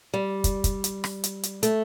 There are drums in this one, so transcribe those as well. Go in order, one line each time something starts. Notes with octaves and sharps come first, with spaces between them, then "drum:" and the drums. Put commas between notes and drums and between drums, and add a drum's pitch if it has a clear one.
G3
drum: kick, hi-hat
drum: kick, hi-hat
drum: hi-hat
drum: rim click
drum: hi-hat
drum: hi-hat
A3, drum: hi-hat